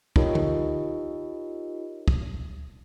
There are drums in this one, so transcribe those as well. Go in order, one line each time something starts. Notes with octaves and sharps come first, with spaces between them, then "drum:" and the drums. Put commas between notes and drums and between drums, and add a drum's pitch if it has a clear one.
D#4 F4 G4 A#4 C#5 D#5, drum: kick
drum: tom D3
drum: kick